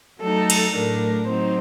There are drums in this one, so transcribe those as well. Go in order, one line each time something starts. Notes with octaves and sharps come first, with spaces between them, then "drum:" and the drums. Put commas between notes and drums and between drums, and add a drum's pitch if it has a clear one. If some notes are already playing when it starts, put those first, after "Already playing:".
F#3 A3 D#4 A4
drum: cymbal
A2 F#3 A3 D4 A#4
F#3 C4 D#4 C5